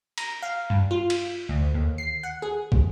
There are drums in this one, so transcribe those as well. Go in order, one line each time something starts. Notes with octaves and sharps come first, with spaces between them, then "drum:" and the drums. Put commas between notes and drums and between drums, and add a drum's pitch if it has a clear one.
A#5, drum: cymbal
F5
G2
F4
drum: cymbal
D2
D#2
C7
F#5
G#4
drum: kick